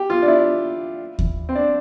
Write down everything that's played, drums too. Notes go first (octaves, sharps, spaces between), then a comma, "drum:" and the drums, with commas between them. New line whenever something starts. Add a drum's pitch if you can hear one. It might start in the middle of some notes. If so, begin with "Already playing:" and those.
Already playing: G4
F4
D4
E4
drum: kick D#2
C4
D4